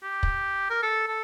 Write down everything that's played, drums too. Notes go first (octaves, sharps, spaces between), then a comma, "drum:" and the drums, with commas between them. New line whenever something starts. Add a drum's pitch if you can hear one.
G4
drum: kick
A#4
A4
A4